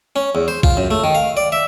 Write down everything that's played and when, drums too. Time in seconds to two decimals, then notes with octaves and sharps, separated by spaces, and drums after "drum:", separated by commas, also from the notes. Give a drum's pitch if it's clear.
0.16 C#4
0.35 E2
0.48 C5
0.63 F4, drum: kick A#1
0.77 F#2
0.91 A3
1.04 D#3
1.15 F5
1.37 D5
1.52 E5